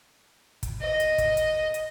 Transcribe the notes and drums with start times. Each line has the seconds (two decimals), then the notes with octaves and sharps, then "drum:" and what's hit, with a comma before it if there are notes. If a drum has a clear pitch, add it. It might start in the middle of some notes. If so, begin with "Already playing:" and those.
0.63 drum: kick, hi-hat
0.81 D#5
1.00 drum: hi-hat
1.18 drum: kick, hi-hat
1.37 drum: hi-hat
1.74 drum: hi-hat